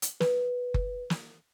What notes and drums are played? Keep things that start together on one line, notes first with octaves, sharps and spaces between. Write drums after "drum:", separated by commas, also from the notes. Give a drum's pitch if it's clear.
drum: hi-hat
B4, drum: snare
drum: kick F#1
drum: snare